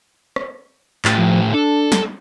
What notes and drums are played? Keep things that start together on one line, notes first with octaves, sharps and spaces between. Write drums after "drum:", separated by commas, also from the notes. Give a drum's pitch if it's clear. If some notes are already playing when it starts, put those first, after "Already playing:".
drum: rim click
A2 G4 A6, drum: clap
F3
D4 A4
drum: snare